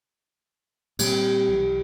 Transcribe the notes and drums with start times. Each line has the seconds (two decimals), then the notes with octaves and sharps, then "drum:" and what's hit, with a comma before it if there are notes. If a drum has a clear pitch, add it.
0.99 A#2 G3 C4 G4, drum: cymbal
1.49 B1 E3